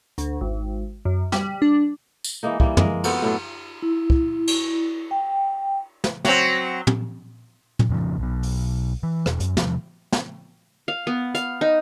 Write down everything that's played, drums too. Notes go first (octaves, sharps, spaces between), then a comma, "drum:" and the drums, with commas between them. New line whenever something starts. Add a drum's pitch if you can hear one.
D2, drum: hi-hat
G#1
F#2
G3, drum: snare
D4
drum: tambourine
E3 G#3 A#3 D#4
E3 G3 A#3, drum: kick
G#3 A#3 A#4, drum: tom
B3 C4 F#4 A4, drum: cymbal
A2 F#3 A4
E4
drum: kick
drum: cymbal
G5
drum: snare
F#3 C4, drum: snare
drum: tom
drum: tom
F2 C#3 F3
B1 B2
drum: open hi-hat
E3
E1, drum: rim click
F#2, drum: hi-hat
E2 C3 F3 G3, drum: snare
drum: snare
F5
B3
F5, drum: hi-hat
D#4